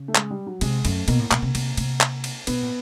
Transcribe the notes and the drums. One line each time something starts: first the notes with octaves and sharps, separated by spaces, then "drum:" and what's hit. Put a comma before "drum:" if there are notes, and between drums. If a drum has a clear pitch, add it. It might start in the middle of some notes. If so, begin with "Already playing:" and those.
Already playing: C#3
A3
G#3, drum: clap
G3
F#3
C3 G#3, drum: cymbal
F#2 A3, drum: cymbal
B2 A#3, drum: cymbal
A2
B2, drum: clap
C3
C3, drum: cymbal
C3, drum: cymbal
drum: clap
drum: cymbal
B2 B3, drum: cymbal
A#2